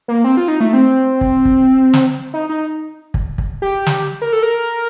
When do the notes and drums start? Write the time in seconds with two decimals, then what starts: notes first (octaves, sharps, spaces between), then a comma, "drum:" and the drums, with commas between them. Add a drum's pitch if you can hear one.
0.08 A#3
0.24 C4
0.37 F4
0.48 D#4
0.60 A3
0.73 C4
1.21 drum: kick
1.45 drum: kick
1.93 drum: snare
2.34 D#4
2.49 D#4
3.14 drum: kick
3.38 drum: kick
3.62 G4
3.86 drum: snare
4.22 A#4
4.33 A4
4.43 A#4